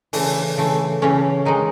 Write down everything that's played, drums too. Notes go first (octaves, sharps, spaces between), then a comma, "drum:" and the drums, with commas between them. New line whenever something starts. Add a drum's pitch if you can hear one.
C#3 E3 A3, drum: open hi-hat
C#3 E3 A3
C#3 E3 A3 C#4
D#3 G#3 D#4